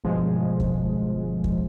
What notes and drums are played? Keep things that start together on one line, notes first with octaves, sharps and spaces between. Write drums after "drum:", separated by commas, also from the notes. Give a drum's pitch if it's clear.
G1 B2 F3 G#3
drum: kick
drum: kick